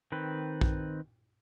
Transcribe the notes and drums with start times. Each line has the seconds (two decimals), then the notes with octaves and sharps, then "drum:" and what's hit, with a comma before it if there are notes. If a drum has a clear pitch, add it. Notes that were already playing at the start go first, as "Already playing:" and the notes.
0.12 D#3 C4 B4
0.61 drum: kick A#1